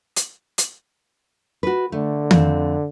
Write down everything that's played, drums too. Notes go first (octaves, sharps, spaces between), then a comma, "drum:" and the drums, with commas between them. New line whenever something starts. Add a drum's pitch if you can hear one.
drum: hi-hat
drum: hi-hat
F#4 B4
D3 A3
F2 C4, drum: tom D#3